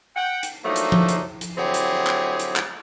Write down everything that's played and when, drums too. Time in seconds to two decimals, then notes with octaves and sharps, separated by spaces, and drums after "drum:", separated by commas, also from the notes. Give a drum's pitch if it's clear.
0.16 F#5 G5
0.43 drum: hi-hat
0.64 F3 F#3 A3 A#3 D4 D#4
0.76 drum: hi-hat
0.92 drum: tom F3
1.09 drum: hi-hat
1.41 drum: hi-hat
1.58 D3 F#3 C4 E4 G4 G#4
1.74 drum: hi-hat
2.07 drum: clap
2.39 drum: hi-hat
2.56 drum: clap